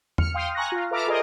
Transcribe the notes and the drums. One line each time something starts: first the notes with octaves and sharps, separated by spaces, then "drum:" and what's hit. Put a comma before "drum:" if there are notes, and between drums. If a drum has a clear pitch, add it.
F6 C#7, drum: tom E2
F5 G5 C6 D#6 F6
G#5 A#5 C#6 F#6 A#6
F4 F5
A4 B4 E5 A#5 D6 F6
F4 G#4 A#4 C5 D5 D#5